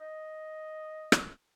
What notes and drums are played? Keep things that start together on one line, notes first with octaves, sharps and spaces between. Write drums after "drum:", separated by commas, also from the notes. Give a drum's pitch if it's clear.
D#5
drum: rim click